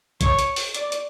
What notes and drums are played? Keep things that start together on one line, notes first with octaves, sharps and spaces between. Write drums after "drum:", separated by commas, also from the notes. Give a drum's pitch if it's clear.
C#5, drum: kick A#1, hi-hat
drum: hi-hat
drum: open hi-hat
D5, drum: hi-hat
drum: hi-hat